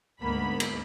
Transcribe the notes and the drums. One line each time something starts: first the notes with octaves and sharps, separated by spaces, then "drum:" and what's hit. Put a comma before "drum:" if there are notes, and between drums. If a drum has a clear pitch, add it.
D2 G#2 A#3 B3 B5
drum: cymbal